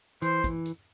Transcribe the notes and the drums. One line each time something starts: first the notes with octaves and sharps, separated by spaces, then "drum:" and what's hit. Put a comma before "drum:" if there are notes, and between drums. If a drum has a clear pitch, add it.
E3 C5, drum: hi-hat
drum: kick, hi-hat
drum: hi-hat